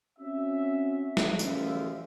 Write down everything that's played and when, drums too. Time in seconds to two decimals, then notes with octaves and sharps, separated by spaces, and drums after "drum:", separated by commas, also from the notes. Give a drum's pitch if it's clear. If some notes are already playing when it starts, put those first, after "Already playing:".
0.19 C4 C#4 F#4 E5
1.17 drum: snare
1.39 A1 F#2 C#3 F3 E5, drum: tambourine